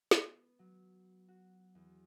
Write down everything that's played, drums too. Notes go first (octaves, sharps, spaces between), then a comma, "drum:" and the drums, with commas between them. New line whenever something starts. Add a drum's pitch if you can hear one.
B3, drum: snare
F#3
F#4
E2